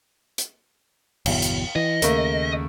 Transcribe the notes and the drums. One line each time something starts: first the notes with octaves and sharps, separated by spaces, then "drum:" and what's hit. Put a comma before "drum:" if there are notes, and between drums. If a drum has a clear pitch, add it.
drum: hi-hat
G1 E2 B2, drum: cymbal
drum: hi-hat
E3 D#5
D#2 C#3 A3 A#3, drum: hi-hat